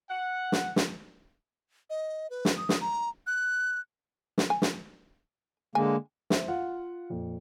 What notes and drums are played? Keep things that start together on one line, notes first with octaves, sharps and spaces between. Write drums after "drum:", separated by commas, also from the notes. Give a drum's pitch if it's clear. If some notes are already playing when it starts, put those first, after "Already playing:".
F#5
drum: snare
drum: snare
D#5
B4
drum: snare
D#6
drum: snare
A#5
F#6
drum: snare
G#5
drum: snare
D3 G#3 A#3 G#5
C5 E5, drum: snare
F4 F5 F#5
F2 A#2